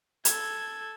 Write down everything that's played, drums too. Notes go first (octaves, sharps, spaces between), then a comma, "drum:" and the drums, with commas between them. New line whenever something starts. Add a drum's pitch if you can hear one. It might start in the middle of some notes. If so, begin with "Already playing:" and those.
A4 G#6, drum: hi-hat